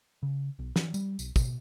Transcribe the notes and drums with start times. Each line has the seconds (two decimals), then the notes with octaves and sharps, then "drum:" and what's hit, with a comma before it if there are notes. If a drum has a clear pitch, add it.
0.23 C#3
0.59 B1
0.76 E3, drum: snare
0.94 G3, drum: tambourine
1.19 B1, drum: tambourine
1.36 B2, drum: kick, tambourine